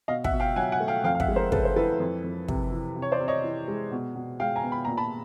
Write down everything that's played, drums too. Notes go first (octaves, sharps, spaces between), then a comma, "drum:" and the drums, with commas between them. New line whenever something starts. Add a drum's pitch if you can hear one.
B2 D#5 F5
E5 F#5, drum: kick
B2
F5 G5
F#3 F#5 G#5
F#5 G#5
A3
F5 G5
F2 F5 G5
F5
E5 F#5, drum: kick
G#3
A#4 C5
C#3 A4 B4, drum: kick
C5
E3 A4 B4
F2
F2
C3, drum: kick
E3
C3
C#5
C5 D5
C3
C#5 D#5
E3
G#3
B2
B2
G#3 F5 G5
G#5 A#5
B3
B5
A#2 A#5
A5 B5